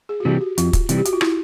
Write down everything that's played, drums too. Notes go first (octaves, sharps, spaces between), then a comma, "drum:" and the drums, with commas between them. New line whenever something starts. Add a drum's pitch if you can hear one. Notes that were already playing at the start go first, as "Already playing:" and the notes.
G#4
F#4
C3 E3 G3 G4
F#4
F2 F4, drum: hi-hat
drum: kick, hi-hat
C3 E3 G3, drum: hi-hat
G4
F#4, drum: hi-hat
F4
E4, drum: rim click